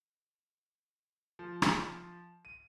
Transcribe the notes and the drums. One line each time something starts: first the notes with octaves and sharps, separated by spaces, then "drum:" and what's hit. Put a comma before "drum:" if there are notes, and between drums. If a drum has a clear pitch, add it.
F3
drum: rim click
D#7